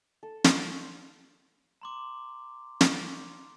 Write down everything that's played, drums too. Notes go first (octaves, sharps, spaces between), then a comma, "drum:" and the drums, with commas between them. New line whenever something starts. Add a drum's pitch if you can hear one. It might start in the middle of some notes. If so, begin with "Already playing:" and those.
A4
C6, drum: snare
A#5 C6 D6
drum: snare